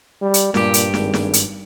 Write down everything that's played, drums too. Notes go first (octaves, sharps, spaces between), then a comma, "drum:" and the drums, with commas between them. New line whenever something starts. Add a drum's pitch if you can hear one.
G3
drum: hi-hat
G2 A#2 G4, drum: snare
drum: hi-hat
G#1, drum: snare
drum: snare
drum: hi-hat